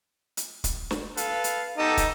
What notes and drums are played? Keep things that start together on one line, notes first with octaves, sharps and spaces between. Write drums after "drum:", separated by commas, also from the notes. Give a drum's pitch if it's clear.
drum: hi-hat
drum: kick, hi-hat
drum: snare
A4 B4 F5, drum: hi-hat
drum: hi-hat
B3 D#4 G4 A4
drum: kick, hi-hat